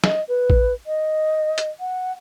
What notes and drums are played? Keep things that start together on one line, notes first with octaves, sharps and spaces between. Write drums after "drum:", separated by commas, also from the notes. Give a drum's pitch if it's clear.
D#5, drum: snare
B4
drum: kick A1
D#5
drum: hi-hat
F#5